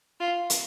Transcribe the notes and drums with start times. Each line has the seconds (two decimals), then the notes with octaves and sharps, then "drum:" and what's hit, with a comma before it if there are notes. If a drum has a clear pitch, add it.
0.20 F4
0.50 drum: hi-hat